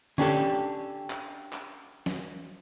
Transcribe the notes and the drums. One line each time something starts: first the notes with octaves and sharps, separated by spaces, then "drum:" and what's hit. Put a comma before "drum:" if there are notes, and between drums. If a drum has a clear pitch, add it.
C#4 D4 G4 A4, drum: tom D3
drum: clap
drum: clap
drum: snare